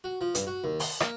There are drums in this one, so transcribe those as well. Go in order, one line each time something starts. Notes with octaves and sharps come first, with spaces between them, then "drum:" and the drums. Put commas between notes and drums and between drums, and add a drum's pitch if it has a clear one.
F#4
F3
G2, drum: hi-hat
F#4
D#2
C6, drum: open hi-hat
A#3, drum: rim click